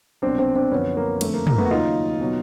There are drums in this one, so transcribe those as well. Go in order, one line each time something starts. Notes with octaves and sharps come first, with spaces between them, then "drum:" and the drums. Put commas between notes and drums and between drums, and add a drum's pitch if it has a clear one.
C2 B2 F#3 C4 D4
C4 D4
C4 D4
F#2 D3 F3 B3 C#4
A#3
F2 D3 F3 A3, drum: cymbal
A#3
A#3, drum: tom
A3 B3
F#4
D#2 C#3 F#3 D#4 F4
B2 F#3